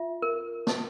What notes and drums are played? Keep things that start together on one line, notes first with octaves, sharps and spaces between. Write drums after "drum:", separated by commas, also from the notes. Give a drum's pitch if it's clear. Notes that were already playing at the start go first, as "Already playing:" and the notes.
Already playing: F4 E5
A#4
drum: snare